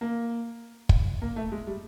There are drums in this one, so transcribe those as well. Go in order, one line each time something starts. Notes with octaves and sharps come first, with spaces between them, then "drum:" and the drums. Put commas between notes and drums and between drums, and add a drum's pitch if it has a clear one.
A#3
drum: kick
A#3
A3
G#3
G3